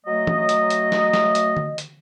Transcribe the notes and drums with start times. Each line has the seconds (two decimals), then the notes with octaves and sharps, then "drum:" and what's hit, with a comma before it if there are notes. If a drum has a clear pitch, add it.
0.06 F#3 A3 D#5
0.27 drum: tom E3
0.49 drum: hi-hat
0.70 drum: hi-hat
0.92 drum: snare
1.14 drum: snare
1.35 drum: hi-hat
1.57 drum: tom D3
1.78 drum: hi-hat